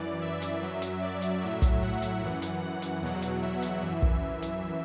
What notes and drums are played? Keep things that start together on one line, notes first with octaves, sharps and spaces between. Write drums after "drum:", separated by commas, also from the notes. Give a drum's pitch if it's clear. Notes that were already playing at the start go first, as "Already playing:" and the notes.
Already playing: F#2 E3 D5
E5
drum: hi-hat
F#2 F#3
drum: hi-hat
D5
drum: hi-hat
A2 F#3 E5
drum: kick, hi-hat
F#5
drum: hi-hat
F#2 E3
drum: hi-hat
F#5
drum: hi-hat
E2 B2 F#3
drum: hi-hat
E5
drum: hi-hat
F#2 E3
drum: kick
drum: hi-hat